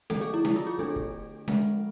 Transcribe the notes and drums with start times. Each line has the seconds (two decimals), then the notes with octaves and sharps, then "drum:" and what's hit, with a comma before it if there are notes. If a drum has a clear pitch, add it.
0.10 D3 F3 A3 A4, drum: snare C#4
0.21 G#4
0.34 E4
0.45 E4, drum: snare C#4
0.56 F4
0.67 G#4
0.79 D3 A3 D4 A4
0.96 drum: kick
1.48 F3 G#3 C4, drum: snare C#4